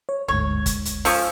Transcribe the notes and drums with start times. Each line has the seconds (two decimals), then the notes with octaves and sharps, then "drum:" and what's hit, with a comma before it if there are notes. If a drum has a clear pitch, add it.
0.09 C#5
0.28 G1 D2 G#2 C#5
0.66 drum: kick F#1, hi-hat
0.85 drum: hi-hat
1.05 F3 C#4 E6, drum: open hi-hat